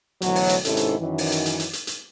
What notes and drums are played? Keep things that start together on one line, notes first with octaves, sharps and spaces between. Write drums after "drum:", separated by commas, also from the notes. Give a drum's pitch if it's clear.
D2 B2 E3 F#3, drum: hi-hat
drum: open hi-hat
drum: hi-hat
G#2 C3 D#3 C#4 E4 A4, drum: hi-hat
drum: hi-hat
F#2 D#3 E3
drum: open hi-hat
drum: hi-hat
drum: hi-hat
drum: hi-hat
drum: hi-hat
drum: hi-hat